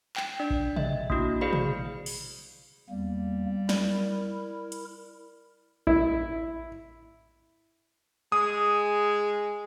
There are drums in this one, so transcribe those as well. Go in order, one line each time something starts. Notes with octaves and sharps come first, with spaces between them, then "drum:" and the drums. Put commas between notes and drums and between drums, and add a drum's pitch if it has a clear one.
G5, drum: clap
D4 D5
drum: kick A1
D#5 E5, drum: tom
A#3 D4 E4 F#4, drum: kick A1
F#4 G#4 C5 D5 F5 B5
drum: tom
drum: open hi-hat
E2 G3 A#3
E4 A#4 D5, drum: snare
drum: hi-hat
E4, drum: kick A1
G#3 D#6